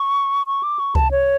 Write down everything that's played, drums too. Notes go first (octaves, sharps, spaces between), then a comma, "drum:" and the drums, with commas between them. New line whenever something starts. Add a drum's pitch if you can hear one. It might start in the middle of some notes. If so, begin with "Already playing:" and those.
Already playing: C#6
C#6
D6
C#6
A5, drum: kick C#2
C#5